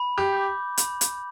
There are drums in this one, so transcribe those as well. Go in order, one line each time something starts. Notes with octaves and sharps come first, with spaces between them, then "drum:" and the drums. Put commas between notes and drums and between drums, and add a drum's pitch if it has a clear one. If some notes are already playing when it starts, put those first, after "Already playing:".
Already playing: B5
G4
D6 G6
B5, drum: hi-hat
drum: hi-hat